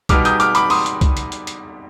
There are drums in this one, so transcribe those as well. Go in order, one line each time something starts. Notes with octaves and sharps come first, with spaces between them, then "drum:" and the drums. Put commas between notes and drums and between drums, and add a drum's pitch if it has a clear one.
B2 G3 B3 D#4 D6 F6, drum: kick, hi-hat
D#6 G6, drum: hi-hat
D6 F6, drum: hi-hat
B5 D6, drum: hi-hat
C6 D#6, drum: open hi-hat
drum: hi-hat
drum: kick, hi-hat
drum: hi-hat
drum: hi-hat
drum: hi-hat